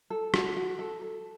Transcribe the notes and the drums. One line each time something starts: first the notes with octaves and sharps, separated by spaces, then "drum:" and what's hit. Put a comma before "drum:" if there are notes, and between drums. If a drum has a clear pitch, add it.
A4
F#4, drum: rim click
F#4
A4
A4